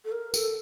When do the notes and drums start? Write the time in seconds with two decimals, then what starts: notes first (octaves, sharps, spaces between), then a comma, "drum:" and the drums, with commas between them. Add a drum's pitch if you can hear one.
0.04 A4
0.12 A#4
0.34 A4, drum: tambourine